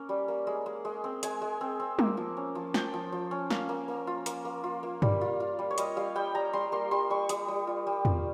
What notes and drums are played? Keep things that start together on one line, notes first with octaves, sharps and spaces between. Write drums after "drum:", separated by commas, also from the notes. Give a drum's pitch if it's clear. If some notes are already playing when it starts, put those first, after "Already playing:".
Already playing: A#3 C#4
G3
A#3
G#3
G#3
G#3
C4
G#3 G#5, drum: hi-hat
G#3
C4
C4
A#3, drum: tom G3
F3
C#4
F3
F3 G5, drum: snare
F3
F3
C#4
A#3 F5, drum: snare
A#3
A#3
F4
A#3, drum: hi-hat
A#3
F4
A#3
G3, drum: tom G2
F4
F4
G3
C#5
G3 D#5, drum: hi-hat
G3 F5
G3 G5
G3 A#5
G3 C6
A#3 C6
G3 C6
G3 C#6
G3 D#6, drum: hi-hat
G3
F4
G3
F4, drum: tom E2